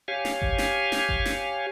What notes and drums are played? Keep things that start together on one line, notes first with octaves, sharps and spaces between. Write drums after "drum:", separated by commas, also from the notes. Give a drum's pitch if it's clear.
G4 C#5 F5 G#5
drum: snare
drum: kick G1
drum: snare
drum: snare
drum: kick G1
drum: snare